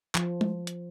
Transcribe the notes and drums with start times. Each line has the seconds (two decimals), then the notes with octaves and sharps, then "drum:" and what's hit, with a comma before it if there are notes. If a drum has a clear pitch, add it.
0.15 F3, drum: clap
0.41 drum: tom G#3
0.67 drum: hi-hat